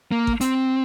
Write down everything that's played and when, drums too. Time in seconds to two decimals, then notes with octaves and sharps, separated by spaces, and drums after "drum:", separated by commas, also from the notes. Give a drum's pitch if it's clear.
0.12 A#3
0.27 drum: kick G#1
0.41 C4, drum: hi-hat